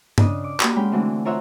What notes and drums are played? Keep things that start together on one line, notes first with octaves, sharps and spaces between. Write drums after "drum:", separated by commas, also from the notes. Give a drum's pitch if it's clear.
C#3 D4 D#5 C#6, drum: tom G2
D6
A#3 F#4 G4, drum: clap
G#3 C#4 G5 B5
D3 E3 A3 C4 D4 F#4
F4 A#4 C5 C#5 E5 F#5